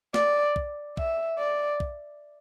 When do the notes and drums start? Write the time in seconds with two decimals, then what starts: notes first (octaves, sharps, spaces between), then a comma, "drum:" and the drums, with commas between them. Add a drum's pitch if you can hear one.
0.14 D5, drum: snare
0.56 drum: kick
0.97 E5, drum: kick
1.39 D5
1.80 drum: kick